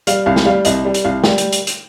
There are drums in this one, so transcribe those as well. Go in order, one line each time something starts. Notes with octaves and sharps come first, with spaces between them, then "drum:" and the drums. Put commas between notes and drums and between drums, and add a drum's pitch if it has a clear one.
G3 F5, drum: hi-hat
C2 F5
drum: snare
G3 F5
C2 D#5, drum: hi-hat
G3
drum: hi-hat
C2 F5
G3 G5, drum: snare
drum: hi-hat
drum: hi-hat
drum: hi-hat